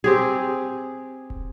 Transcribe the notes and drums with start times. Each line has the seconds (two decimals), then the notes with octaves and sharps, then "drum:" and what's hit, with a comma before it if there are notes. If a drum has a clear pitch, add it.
0.04 C4 G4 G#4
1.30 drum: kick